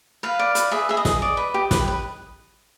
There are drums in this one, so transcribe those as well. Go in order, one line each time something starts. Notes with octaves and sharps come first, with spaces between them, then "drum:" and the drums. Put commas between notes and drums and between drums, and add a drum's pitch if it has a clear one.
B4 F5
D5
B4, drum: hi-hat
G#4 E5
G#4 E5
D#5
G#4, drum: snare
D5
B4
G4
B4, drum: snare
B4